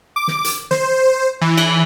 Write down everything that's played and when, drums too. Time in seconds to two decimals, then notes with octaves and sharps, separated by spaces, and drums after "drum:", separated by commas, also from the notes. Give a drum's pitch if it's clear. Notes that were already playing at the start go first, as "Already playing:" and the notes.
0.16 D6
0.28 drum: snare
0.44 drum: hi-hat
0.71 C5, drum: snare
1.41 E3
1.58 drum: cymbal